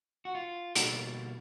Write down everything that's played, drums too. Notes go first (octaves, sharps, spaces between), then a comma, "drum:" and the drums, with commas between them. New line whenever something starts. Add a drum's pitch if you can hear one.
F#4
F4
B2 G3 A#3, drum: hi-hat